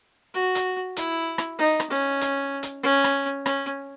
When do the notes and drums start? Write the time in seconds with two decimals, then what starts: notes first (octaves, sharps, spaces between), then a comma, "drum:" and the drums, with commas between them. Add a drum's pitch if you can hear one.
0.34 F#4
0.55 drum: hi-hat
0.96 E4, drum: hi-hat
1.38 drum: rim click
1.59 D#4
1.80 drum: rim click
1.90 C#4
2.21 drum: hi-hat
2.63 drum: hi-hat
2.83 C#4
3.04 drum: rim click
3.46 C#4, drum: rim click